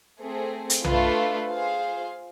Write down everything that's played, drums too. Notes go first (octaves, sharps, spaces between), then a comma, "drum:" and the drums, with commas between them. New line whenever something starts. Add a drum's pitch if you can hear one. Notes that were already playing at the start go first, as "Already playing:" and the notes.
A3 C4 G#4
drum: hi-hat
A3 D4 F4 B4, drum: tom B1
F4 G#4 C5 F5